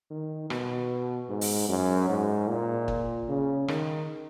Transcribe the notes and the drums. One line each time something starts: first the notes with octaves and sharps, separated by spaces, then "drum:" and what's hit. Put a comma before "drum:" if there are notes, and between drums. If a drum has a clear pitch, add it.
D#3
B2, drum: rim click
G#2
drum: open hi-hat
F#2
G#2
A#2
drum: kick
C#3
D#3, drum: rim click